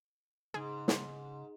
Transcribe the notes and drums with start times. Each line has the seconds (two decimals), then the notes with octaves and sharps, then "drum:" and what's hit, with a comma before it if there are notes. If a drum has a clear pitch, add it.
0.54 G#2 C#3 G#4
0.88 drum: snare